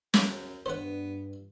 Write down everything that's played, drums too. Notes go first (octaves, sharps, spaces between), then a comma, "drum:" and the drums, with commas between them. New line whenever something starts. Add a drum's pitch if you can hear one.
F#2, drum: snare
G2 B3 C5 F#5